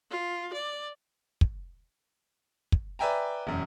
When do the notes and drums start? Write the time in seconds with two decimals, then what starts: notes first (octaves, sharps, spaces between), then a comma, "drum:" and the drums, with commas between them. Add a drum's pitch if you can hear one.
0.11 F4
0.54 D5
1.41 drum: kick
2.72 drum: kick
2.99 B4 D5 E5 G5 G#5 A#5
3.47 E1 F#2